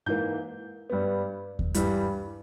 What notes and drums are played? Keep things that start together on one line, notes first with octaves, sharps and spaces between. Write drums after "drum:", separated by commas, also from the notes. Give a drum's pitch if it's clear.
G#2 E3 A#3 G6
G2 G3 B3
drum: kick D#2
G2 E3 G3, drum: hi-hat